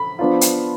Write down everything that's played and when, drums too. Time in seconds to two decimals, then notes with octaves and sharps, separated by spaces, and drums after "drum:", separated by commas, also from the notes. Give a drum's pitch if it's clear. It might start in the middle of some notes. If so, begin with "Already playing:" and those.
Already playing: B5
0.19 F3 B3 D4 F4
0.41 drum: hi-hat